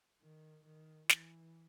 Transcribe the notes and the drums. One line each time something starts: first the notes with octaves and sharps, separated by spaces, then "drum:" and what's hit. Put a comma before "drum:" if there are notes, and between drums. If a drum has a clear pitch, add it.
D#3
D#3
E3, drum: snare